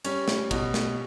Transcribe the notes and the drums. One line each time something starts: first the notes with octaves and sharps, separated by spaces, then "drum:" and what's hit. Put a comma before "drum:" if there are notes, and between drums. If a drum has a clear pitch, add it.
G3 C#4, drum: cymbal
drum: snare
B2, drum: kick, cymbal
drum: snare